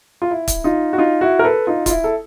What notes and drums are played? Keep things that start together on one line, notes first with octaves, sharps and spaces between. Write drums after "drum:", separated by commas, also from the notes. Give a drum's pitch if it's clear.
F4
E4
drum: kick, hi-hat
D#4 F4
F#4
D#4 F4
E4 F#4
A#4
A4 B4
D#4 F4
F4, drum: kick, hi-hat
E4
A4